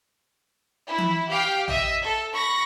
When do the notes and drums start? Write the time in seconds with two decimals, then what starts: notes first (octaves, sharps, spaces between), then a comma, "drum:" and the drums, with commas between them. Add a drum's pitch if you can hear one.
0.89 E4
0.98 drum: tom E3
1.28 G4 F5 G5
1.68 D#5 E5, drum: tom A#1
2.03 A4
2.33 B5 C#6 A#6